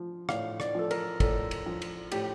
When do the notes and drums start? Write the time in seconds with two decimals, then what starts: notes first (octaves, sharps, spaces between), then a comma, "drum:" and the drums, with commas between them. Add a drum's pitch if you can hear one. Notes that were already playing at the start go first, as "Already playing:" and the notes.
Already playing: F3
0.29 A2 F5, drum: rim click
0.60 D5, drum: rim click
0.75 F3 A4
0.91 A#4, drum: cymbal
1.20 A2 A4, drum: kick, cymbal
1.51 drum: cymbal
1.66 F3
1.82 drum: cymbal
2.12 A2 G4, drum: cymbal